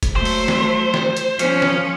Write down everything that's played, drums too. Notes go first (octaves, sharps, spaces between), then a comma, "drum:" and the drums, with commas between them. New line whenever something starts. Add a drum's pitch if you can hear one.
drum: kick F1, hi-hat
F#3 A3 C5
drum: open hi-hat
drum: snare
drum: snare
drum: hi-hat
F3 C#4, drum: hi-hat
drum: snare